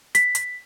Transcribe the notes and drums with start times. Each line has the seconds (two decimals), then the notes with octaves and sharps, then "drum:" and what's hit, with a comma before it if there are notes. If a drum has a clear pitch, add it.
0.15 B6, drum: hi-hat
0.35 drum: hi-hat